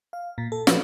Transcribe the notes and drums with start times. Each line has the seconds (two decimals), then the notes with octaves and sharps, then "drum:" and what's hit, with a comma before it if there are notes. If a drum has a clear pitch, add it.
0.13 F5
0.38 A#2
0.52 A4
0.67 F3 C#4 D4 F4 F#4 B4, drum: snare